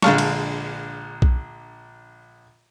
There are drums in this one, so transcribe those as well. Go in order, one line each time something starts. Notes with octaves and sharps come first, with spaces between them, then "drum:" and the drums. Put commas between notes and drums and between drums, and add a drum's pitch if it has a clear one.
A#1 D3 G#3 F5 A5 C#6, drum: snare
drum: cymbal
drum: kick B1